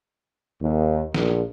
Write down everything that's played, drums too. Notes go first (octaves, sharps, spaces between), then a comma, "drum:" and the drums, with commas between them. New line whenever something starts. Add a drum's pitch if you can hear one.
D#2
A#1, drum: snare